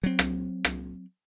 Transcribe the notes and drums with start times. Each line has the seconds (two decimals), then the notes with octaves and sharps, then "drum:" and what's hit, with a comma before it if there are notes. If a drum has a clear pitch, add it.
0.04 F#3 C4
0.19 drum: rim click
0.64 drum: rim click